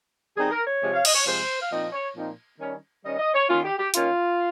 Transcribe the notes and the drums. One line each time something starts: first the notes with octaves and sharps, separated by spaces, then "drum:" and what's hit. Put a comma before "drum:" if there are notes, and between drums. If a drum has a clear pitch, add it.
D#3 G3 C4 D#4 G#4
A#4
C#5
C3 F3 G#3
F5
D#5, drum: cymbal
C#5
C3 F3 G#3 C5
F5
A#2 F3 C4 D#4 D#5
C#5
A#2 F3 C4 D#4
D#3 G3 C#4
D#3 G3 C#4 D#5
D#5
C#5
D#3 A#3 C#4 F4
G4
G4
D#3 A#3 C#4 F4, drum: hi-hat